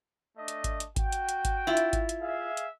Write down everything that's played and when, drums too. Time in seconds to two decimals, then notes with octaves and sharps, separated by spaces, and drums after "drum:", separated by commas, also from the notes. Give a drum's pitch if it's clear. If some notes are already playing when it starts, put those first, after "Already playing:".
0.38 A3 D4 D#5
0.48 drum: hi-hat
0.64 drum: kick G#1, hi-hat
0.80 drum: hi-hat
0.96 F#4 G5, drum: kick G#1, hi-hat
1.12 drum: hi-hat
1.29 drum: hi-hat
1.45 drum: kick G#1, hi-hat
1.67 E4 F4
1.77 drum: hi-hat
1.93 drum: kick G#1, hi-hat
2.09 drum: hi-hat
2.21 G#4 E5 F5
2.57 drum: hi-hat